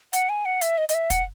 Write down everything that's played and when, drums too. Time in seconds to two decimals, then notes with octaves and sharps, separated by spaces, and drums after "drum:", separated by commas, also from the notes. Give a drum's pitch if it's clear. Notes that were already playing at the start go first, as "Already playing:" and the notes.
0.13 F#5, drum: hi-hat
0.29 G#5
0.45 F#5
0.61 E5, drum: hi-hat
0.78 D#5
0.89 D#5, drum: hi-hat
0.94 E5
1.10 F#5, drum: kick, hi-hat